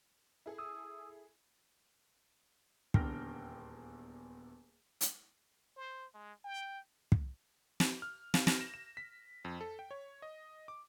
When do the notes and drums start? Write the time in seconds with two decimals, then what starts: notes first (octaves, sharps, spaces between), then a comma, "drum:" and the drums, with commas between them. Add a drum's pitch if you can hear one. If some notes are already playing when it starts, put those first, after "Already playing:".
0.46 E4 G#4 A4
0.58 D#6 E6
2.94 D#1 E2 D3 G5 F6 A#6, drum: kick
5.01 drum: hi-hat
5.77 C5
6.14 G#3
6.44 G5
7.12 drum: kick
7.80 drum: snare
8.02 F6
8.34 F5, drum: snare
8.47 A#6, drum: snare
8.61 E7
8.74 E7
8.97 B6
9.45 F2
9.61 A4
9.79 G5
9.91 C#5
10.22 D#5
10.68 D6